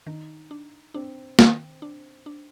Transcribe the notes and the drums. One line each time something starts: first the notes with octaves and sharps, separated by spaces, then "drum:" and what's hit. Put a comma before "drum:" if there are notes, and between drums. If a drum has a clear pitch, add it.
D#3 D#4
D4
C4 D4
D#3, drum: snare
D4
D4